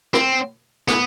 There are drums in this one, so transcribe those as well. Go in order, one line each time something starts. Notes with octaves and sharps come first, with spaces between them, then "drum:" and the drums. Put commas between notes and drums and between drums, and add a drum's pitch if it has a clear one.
C4, drum: rim click
B3, drum: snare